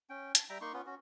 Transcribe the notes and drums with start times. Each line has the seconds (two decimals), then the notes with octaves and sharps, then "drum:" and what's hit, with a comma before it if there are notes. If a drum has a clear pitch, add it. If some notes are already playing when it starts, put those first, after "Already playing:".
0.10 C#4 G5
0.35 A5, drum: hi-hat
0.50 G3 E5 G5 A#5
0.61 A#3 D#4 C6 C#6
0.73 B3 C#4 F4 B4
0.86 C#4 F#4